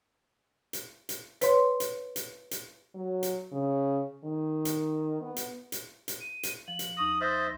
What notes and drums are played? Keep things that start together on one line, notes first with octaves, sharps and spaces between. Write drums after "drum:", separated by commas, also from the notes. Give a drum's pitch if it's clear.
drum: hi-hat
drum: hi-hat
B4 C#5 C6, drum: hi-hat
drum: hi-hat
drum: hi-hat
drum: hi-hat
F#3
drum: hi-hat
C#3
D#3
drum: hi-hat
B3
drum: hi-hat
drum: hi-hat
drum: hi-hat
D#7
drum: hi-hat
F3 F#7
drum: hi-hat
D#2 C#6 D#6 A#6
C5 D#5 E5 F6 A6